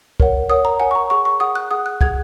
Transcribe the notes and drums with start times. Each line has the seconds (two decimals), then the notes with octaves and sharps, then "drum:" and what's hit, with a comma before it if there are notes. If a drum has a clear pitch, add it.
0.20 A#4 C#5 F#5, drum: kick
0.49 A#4 C#5 F#5 D#6
0.65 A#5
0.80 A#4 C#5 F#5 G#5
0.91 C#6
0.95 A#5
1.10 G#4 F#5 C#6
1.25 C#6
1.40 G#4 F#5 D#6
1.55 F#6
1.71 G#4 F#5 D#6
1.86 F#6
2.01 G#4 F#5 G#6, drum: kick